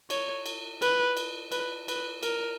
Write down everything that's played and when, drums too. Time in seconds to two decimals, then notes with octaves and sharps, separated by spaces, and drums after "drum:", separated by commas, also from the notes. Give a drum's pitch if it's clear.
0.10 C#5, drum: cymbal
0.46 drum: cymbal
0.82 B4, drum: cymbal
1.17 drum: cymbal
1.52 B4, drum: cymbal
1.88 B4, drum: cymbal
2.23 A#4, drum: cymbal